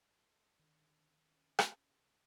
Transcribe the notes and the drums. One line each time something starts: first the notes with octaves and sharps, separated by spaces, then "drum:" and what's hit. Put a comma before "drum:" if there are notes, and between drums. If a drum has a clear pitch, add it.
A4 C5
D3 D#3
C#3
drum: rim click